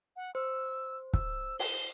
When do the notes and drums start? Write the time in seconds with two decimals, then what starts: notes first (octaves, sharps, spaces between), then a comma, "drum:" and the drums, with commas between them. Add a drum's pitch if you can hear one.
0.16 F#5
0.35 C5 E6
1.13 E6, drum: kick
1.59 G7, drum: open hi-hat